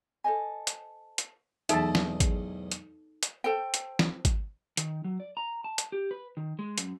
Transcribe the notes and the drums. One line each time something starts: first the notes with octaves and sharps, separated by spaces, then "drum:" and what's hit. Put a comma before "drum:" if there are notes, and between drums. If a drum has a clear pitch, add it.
A4 C5 D#5 G#5
drum: hi-hat
drum: hi-hat
B1 E2 G#2 D#4 A4 E5 A5, drum: hi-hat
drum: snare
drum: kick, hi-hat
drum: hi-hat
drum: hi-hat
A4 C5 G5
drum: hi-hat
drum: snare
drum: kick, hi-hat
D#3, drum: hi-hat
F#3
D5
A#5
A5
drum: hi-hat
G4
B4
D#3
G#3
F#2, drum: hi-hat